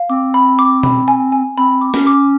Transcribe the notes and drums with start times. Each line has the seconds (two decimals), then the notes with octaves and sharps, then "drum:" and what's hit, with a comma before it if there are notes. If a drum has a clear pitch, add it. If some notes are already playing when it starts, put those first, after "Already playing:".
Already playing: F5
0.09 C4 D6
0.34 B5
0.59 D6
0.83 B5, drum: tom B2
1.08 G#5
1.32 G#5
1.57 C4 B5
1.81 D6
1.94 C#4, drum: snare
2.07 D6